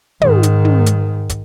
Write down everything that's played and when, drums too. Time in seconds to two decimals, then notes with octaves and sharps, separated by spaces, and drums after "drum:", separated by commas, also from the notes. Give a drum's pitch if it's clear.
0.21 G#2 D#3, drum: tom
0.43 drum: hi-hat
0.65 drum: tom
0.86 drum: hi-hat
1.29 drum: kick, hi-hat